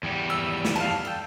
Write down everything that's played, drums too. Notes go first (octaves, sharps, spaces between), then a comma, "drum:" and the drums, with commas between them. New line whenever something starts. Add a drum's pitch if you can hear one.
E2 G3
E6
drum: snare
F5 A5
A4 G5